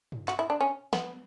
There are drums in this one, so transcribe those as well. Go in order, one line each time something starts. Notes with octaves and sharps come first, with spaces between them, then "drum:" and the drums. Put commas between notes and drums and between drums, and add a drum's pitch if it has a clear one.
drum: tom G2
F#4, drum: clap
E4
D4
C#4
B3, drum: snare